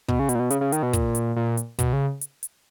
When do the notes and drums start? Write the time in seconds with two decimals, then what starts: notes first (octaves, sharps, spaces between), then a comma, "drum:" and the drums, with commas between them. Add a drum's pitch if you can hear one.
0.08 B2, drum: kick
0.19 C#3
0.29 B2, drum: hi-hat
0.35 A#2
0.40 B2
0.50 C#3, drum: hi-hat
0.61 C#3
0.72 D#3, drum: hi-hat
0.83 B2
0.93 A#2, drum: kick, hi-hat
1.15 drum: hi-hat
1.36 A#2
1.57 drum: hi-hat
1.79 B2, drum: kick, hi-hat
1.93 C#3
2.21 drum: hi-hat
2.43 drum: hi-hat